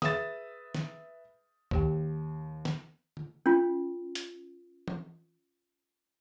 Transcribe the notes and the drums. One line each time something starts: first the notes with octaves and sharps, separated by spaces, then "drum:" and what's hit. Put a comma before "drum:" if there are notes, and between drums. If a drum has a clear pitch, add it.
G#4 B4 E5 D#6 A6 E7, drum: snare
drum: snare
D#2 D#3 G4 G5, drum: kick
drum: snare
drum: tom D3
C#4 F4
drum: hi-hat
drum: tom